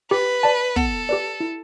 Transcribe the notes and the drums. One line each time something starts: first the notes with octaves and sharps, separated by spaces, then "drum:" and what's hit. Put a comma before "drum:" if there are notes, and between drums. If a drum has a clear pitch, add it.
G4 B4
D5 A5
B3 A4, drum: kick
G4 B4 D5
E4